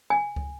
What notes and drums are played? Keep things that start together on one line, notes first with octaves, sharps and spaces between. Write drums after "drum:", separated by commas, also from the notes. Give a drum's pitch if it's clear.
G#5
drum: kick C#2